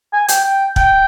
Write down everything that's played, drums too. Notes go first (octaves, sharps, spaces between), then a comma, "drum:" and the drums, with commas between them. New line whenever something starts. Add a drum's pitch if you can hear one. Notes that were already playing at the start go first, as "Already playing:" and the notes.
G#5
G5, drum: hi-hat
G5
G5, drum: kick